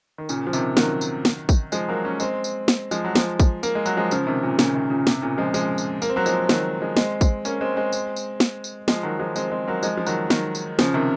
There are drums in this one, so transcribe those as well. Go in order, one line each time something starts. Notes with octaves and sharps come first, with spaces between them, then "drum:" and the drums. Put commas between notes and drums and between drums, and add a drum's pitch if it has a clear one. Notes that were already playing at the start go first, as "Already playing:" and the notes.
D#3
A#2 C#3, drum: tambourine
F3
C3 D#3, drum: tambourine
D#3 F#3, drum: snare
drum: tambourine
drum: snare
drum: kick, tambourine
F3 G#3, drum: tambourine
F#3 A#3
A#3 C#4
G#3 C4, drum: tambourine
drum: tambourine
drum: snare
F3 G#3, drum: tambourine
F#3
F3 G#3, drum: snare
drum: kick, tambourine
A#3, drum: tambourine
G#3
F#3, drum: tambourine
F3 G#3
C#3 F3, drum: tambourine
C3 D#3
A#2 C#3
A#2 C#3, drum: snare
C3 D#3
A#2 C#3
C3, drum: snare
A#2 C#3
F3 G#3
F3 G#3, drum: tambourine
drum: tambourine
A#3, drum: tambourine
C4
F#3 A#3
F3 G#3, drum: tambourine
D#3 F#3, drum: snare
F3 G#3
G#3 C4, drum: snare
drum: kick, tambourine
A#3 C#4, drum: tambourine
G#3 C4
G#3 C4
drum: tambourine
drum: tambourine
drum: snare
drum: tambourine
F3 G#3, drum: snare
D#3 F#3
F3 G#3
G#3 C4, drum: tambourine
G#3 C4
F#3 A#3
F3 G#3, drum: tambourine
F3
D#3 F#3, drum: tambourine
D#3 F#3, drum: snare
drum: tambourine
C#3 F3, drum: snare
C3 D#3